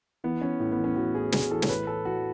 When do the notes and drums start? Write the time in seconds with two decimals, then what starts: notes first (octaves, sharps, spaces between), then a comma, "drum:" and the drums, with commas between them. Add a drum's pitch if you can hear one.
0.24 E3 B3
0.42 E3 C#4
0.60 A2
0.72 B3
0.78 E3
0.84 C#4
0.96 E3 F#4
1.14 A2 G#4
1.32 A2 G#4, drum: snare
1.51 E3 A4
1.62 C#5, drum: snare
1.69 A2 B4
1.87 A2 A4
2.05 E3 F#4